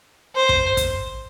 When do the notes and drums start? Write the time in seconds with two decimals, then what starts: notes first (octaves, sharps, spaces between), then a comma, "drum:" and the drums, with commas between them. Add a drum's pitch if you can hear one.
0.35 C5
0.49 drum: kick
0.77 drum: kick, hi-hat